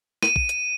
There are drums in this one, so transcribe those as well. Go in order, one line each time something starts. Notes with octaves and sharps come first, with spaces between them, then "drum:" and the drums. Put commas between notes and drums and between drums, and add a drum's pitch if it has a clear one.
D#7, drum: snare
drum: kick
drum: hi-hat